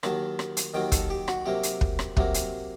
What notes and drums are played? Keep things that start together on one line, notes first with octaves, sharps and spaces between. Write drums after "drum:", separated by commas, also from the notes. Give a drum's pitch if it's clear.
D#2 D#3 F#3 A#3 A5, drum: rim click
drum: rim click
drum: hi-hat
D#2 D#3 F#3 A#3 G5
A4, drum: kick, hi-hat
G4
F#4, drum: rim click
C3 F#3 A#3 G4
drum: hi-hat
drum: kick
drum: rim click
C3 F#3 A#3, drum: kick
drum: hi-hat